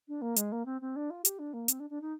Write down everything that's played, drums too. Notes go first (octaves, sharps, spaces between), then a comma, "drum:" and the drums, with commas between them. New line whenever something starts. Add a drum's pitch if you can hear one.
D4
A#3
G#3, drum: hi-hat
A#3
C4
C4
D4
F4
G4, drum: hi-hat
D4
A#3
C4, drum: hi-hat
D4
D4
D#4